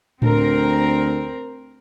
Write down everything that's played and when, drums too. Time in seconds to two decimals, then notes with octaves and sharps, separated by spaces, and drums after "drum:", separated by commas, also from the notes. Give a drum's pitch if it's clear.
0.22 D2 C4 A#4, drum: tom A2